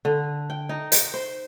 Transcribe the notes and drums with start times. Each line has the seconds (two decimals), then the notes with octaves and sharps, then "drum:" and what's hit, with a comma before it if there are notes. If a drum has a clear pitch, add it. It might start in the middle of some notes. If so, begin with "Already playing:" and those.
0.05 D3
0.50 G5
0.69 D#4
0.92 drum: hi-hat
1.14 C5